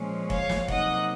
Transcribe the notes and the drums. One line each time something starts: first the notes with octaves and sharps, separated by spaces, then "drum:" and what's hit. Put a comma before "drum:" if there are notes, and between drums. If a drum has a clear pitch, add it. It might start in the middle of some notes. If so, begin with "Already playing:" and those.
Already playing: A#2 F3 G#3 C#4
C#5 F5, drum: kick F1
drum: snare
C3 F#3 A#3 D#4 D#5 F#5, drum: kick F1